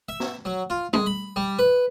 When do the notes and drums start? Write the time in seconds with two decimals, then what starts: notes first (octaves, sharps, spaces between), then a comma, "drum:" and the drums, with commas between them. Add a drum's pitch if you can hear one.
0.09 E5
0.20 drum: snare
0.45 F#3
0.70 F4
0.93 G#3, drum: tom G3
1.06 B5
1.36 G3
1.59 B4